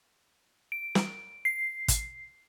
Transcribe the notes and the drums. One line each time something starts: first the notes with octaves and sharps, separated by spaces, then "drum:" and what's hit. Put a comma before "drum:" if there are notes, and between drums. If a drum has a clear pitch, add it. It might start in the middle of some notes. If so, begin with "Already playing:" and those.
D7
drum: snare
C7
drum: kick, hi-hat